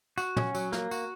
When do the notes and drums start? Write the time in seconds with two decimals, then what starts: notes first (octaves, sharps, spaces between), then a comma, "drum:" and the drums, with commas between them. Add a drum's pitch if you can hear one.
0.18 F#4, drum: tambourine
0.37 C#4, drum: tom
0.55 F#3, drum: tambourine
0.72 A#3, drum: snare
0.91 F#4, drum: tambourine